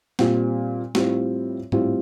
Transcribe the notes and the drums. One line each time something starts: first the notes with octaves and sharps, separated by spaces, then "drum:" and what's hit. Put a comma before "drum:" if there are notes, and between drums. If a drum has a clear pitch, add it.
A#2 G3 C4, drum: snare
A2 G3 C4 F4, drum: snare
A2 G3 C4 F4, drum: tom G#2